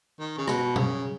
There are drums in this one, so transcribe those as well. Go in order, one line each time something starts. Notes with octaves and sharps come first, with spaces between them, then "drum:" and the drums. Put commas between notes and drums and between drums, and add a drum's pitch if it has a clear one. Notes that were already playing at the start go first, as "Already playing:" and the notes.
D#3
C#3
B2, drum: rim click
C#3, drum: tom B2